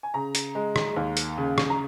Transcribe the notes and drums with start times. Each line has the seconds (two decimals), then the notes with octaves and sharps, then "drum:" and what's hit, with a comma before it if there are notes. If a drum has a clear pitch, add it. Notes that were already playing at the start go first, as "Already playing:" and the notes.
0.03 G#5
0.14 C#3 A#5
0.35 drum: hi-hat
0.55 G#3
0.76 drum: rim click
0.96 D#2
1.17 drum: hi-hat
1.38 C#3
1.58 drum: rim click
1.70 A#5